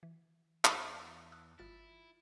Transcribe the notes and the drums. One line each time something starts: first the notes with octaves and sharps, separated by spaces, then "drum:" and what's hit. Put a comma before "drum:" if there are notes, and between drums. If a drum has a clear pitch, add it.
E3
E2 G#4 C5, drum: clap
D#6 E6 F#6
G1 E4 F4 A6